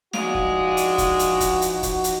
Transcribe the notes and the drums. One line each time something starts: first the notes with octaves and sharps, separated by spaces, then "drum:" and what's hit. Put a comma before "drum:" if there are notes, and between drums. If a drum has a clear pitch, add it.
F3 G#3 D4 D#4 F#4 F5, drum: snare
drum: kick F1
drum: hi-hat
drum: kick F1, hi-hat
drum: hi-hat
drum: kick F1, hi-hat
drum: hi-hat
drum: kick F1, hi-hat
drum: hi-hat